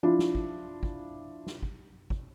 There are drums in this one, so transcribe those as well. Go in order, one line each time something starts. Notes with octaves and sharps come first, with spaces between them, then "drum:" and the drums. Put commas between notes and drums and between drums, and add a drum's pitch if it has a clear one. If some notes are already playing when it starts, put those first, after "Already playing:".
F3 D4 E4 F4
drum: snare
drum: kick
drum: kick
drum: snare
drum: kick
drum: kick